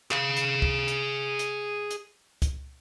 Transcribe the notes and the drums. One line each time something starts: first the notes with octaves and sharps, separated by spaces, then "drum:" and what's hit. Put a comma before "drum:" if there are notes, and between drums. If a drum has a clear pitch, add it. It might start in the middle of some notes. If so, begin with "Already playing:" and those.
G#4 F5, drum: clap
drum: hi-hat
drum: kick C#2
drum: hi-hat
drum: hi-hat
drum: hi-hat
drum: kick C#2, hi-hat